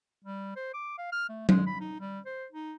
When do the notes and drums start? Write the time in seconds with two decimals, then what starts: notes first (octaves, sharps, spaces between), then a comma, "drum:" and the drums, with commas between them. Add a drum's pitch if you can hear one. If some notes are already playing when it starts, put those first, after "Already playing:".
0.25 G3
0.56 C5
0.74 D6
0.98 F5
1.12 F6
1.29 A3
1.49 G#3, drum: tom F#3
1.67 B5
1.81 D#4
2.00 G3
2.26 C5
2.52 D#4